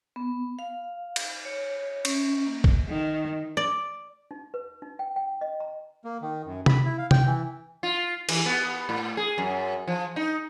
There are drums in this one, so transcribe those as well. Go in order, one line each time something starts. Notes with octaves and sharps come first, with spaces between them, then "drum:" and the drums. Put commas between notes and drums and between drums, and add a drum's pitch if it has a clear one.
B3
F5
drum: cymbal
C#5
C#4, drum: cymbal
A#3
drum: kick
D#3
D5
D#4
B4
D#4
G5
G5
D#5
A#5
A#3
D#3
F#2
B5, drum: tom C3
E4
F5
G5, drum: tom C3
E3
F4
E3, drum: cymbal
B3
A2
G#4
F#2
F3
D#4